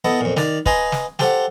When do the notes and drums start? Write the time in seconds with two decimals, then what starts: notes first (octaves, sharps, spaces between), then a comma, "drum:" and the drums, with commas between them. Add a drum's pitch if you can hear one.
0.05 B3 E4 A4 D#5
0.21 F2 A#2
0.37 D#3 D5, drum: snare
0.66 B4 D#5 F5 G#5 A#5 C6, drum: kick
0.92 drum: snare
1.19 G4 A4 C5 F5 F#5, drum: snare